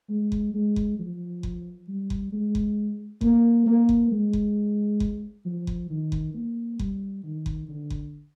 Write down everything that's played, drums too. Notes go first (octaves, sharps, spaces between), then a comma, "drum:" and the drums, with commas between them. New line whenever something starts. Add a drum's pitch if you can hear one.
G#3
drum: kick F#1
G#3
drum: kick F#1
F3
drum: kick F#1
G3
drum: kick F#1
G#3
drum: kick F#1
A#3, drum: kick F#1
A#3
drum: kick F#1
G#3
drum: kick F#1
drum: kick F#1
F3
drum: kick F#1
D#3
drum: kick F#1
A#3
G3, drum: kick F#1
D#3
drum: kick F#1
D3
drum: kick F#1